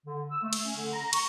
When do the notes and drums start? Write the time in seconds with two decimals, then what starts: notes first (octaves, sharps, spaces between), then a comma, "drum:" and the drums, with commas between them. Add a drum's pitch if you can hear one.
0.06 D3
0.31 E6
0.43 A3
0.53 drum: cymbal
0.65 C#4
0.77 D3
0.93 A#5
1.13 C#6, drum: cymbal